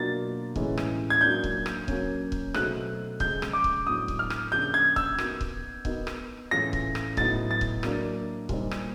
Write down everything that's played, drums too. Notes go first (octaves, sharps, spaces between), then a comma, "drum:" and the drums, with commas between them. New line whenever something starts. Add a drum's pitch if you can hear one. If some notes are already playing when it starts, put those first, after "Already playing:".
Already playing: B2 F#3 A#3 D4 F4 A6
A2 E3 G#3 C#4, drum: kick C#1
drum: rim click
G#6
F#3 A#3 D4 F4 G6
drum: kick C#1
drum: rim click
F#3 A#3 C#4, drum: kick C#1
drum: kick C#1
B2 F#3 A3 C4 D#4 F#6, drum: rim click
C#3 F3 G#3 G6, drum: kick C#1
drum: rim click
D6
drum: kick C#1
A2 F#3 B3 D4 D#6
drum: kick C#1
F6
drum: rim click
C#3 F3 A#3 D4 G4 G6
G#6
E6, drum: kick C#1
B3 D#4 F#4 A#4, drum: rim click
drum: kick C#1
B3 D#4 F#4 A#4 D#5, drum: kick C#1
drum: rim click
A2 E3 A3 C#4 F4 A#6
drum: kick C#1
drum: rim click
A2 F#3 B3 D#4 A6, drum: kick C#1
A6
drum: kick C#1
F#3 A#3 D4, drum: rim click
A#2 G3 C4 D#4, drum: kick C#1
drum: rim click